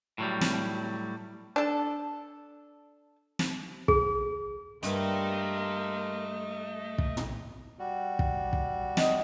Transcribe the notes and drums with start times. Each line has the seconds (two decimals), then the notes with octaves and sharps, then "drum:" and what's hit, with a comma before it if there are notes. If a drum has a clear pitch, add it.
0.18 A2 F#3 G3
0.41 drum: snare
1.56 D4 A4
3.39 drum: snare
3.88 G#4, drum: kick
4.83 G2 G3 A3 A#3 A#4 D#5 C6, drum: hi-hat
6.98 drum: kick
7.17 drum: tom
7.79 G3 F#4
8.19 drum: kick
8.53 drum: kick
8.97 D#5, drum: snare